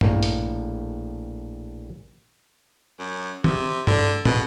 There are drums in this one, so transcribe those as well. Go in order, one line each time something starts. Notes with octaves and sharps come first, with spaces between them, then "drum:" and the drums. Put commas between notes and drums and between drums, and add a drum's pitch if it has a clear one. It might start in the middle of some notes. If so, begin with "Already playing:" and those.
A#1 A2 A#3, drum: tom G2
drum: hi-hat
F#2
C3, drum: tom D#3
D3, drum: tom G2
B2, drum: tom